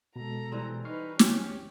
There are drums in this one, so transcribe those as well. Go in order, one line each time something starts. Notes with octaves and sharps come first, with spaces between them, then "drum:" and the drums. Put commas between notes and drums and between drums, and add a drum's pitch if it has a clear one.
B2 G#3 A4 A#5
E3 G3 C4
D#4 B4 C#6 F6 C7
C#4 G4, drum: snare